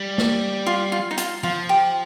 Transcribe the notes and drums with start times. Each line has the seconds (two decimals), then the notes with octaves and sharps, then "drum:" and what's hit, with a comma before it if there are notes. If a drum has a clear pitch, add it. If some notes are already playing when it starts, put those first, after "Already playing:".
Already playing: G3
0.18 drum: snare
0.67 F4
0.92 F4
1.11 D#4
1.18 F4, drum: hi-hat
1.43 F3 F4
1.69 G4